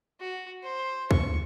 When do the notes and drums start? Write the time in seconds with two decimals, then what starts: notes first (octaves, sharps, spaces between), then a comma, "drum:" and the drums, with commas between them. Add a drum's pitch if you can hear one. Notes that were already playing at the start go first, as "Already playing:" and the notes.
0.20 F#4
0.64 C5
1.11 C#6, drum: kick C#2